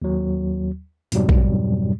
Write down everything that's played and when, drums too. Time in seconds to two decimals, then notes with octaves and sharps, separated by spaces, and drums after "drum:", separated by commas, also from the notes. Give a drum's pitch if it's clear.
0.02 D#2 F#3
1.12 F2 G#2 B2 F#3 G3, drum: hi-hat
1.29 drum: kick A#1